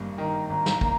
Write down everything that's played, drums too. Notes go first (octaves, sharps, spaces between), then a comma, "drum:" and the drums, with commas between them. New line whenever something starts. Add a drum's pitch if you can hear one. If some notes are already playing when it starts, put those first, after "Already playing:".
Already playing: G#1 G2 A#3
D#3 A#5
G#1
drum: snare
A#3, drum: kick